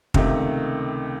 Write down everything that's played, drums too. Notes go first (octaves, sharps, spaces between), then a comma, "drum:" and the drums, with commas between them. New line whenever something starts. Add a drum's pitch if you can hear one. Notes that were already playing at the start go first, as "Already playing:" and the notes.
C#2 C3 D#3 A3, drum: kick